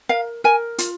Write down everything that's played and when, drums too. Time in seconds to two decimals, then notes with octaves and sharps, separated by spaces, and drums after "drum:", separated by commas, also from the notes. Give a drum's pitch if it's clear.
0.09 A#4 F5
0.44 A#4 G#5
0.78 F4, drum: hi-hat